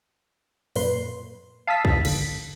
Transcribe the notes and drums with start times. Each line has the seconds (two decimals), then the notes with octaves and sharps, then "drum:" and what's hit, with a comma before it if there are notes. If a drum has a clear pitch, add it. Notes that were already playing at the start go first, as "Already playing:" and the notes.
0.76 F#2 A#2 B4 C6, drum: open hi-hat
1.67 F5 A5 D#6 E6 A6 B6
1.85 drum: kick
2.05 G#1 D3 B6, drum: cymbal